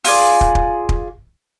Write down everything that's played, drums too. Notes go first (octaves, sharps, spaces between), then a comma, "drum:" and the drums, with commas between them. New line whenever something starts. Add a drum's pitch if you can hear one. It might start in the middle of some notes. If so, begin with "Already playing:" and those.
F4 G#4 D5, drum: open hi-hat
drum: kick
drum: kick
drum: kick